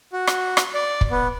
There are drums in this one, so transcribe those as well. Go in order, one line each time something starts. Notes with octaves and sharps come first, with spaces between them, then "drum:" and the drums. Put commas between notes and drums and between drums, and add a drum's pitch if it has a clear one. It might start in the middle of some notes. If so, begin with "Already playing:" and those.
F#4
drum: rim click
drum: rim click
D5
drum: kick
B3